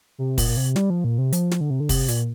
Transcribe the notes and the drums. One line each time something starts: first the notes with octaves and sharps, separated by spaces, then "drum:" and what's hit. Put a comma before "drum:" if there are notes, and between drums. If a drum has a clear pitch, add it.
C3
A#2, drum: kick, open hi-hat
A#2
C3
G3, drum: snare
F3
A#2
C3
F3, drum: hi-hat
drum: snare
D3
C3
D3
C3, drum: kick, open hi-hat
A#2, drum: hi-hat